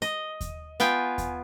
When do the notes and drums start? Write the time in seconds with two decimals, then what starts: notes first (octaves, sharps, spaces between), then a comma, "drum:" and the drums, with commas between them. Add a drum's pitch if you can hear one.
0.02 D#5, drum: hi-hat
0.41 drum: kick D#2, hi-hat
0.80 B3 F4 G5 G#5, drum: hi-hat
1.18 drum: kick D#2, hi-hat